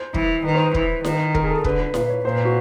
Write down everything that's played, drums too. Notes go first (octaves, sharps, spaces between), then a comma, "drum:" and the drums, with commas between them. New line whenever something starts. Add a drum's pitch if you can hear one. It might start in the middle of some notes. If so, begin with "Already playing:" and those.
Already playing: C5
E3, drum: kick
D#3 B4
C5
B4
E3, drum: kick
D#3, drum: snare E4
A#4, drum: kick
G#4
A4
A#4
D3 B4, drum: kick
B4
A#2 B4, drum: snare E4
C#5
A#2 C5
B4
F#4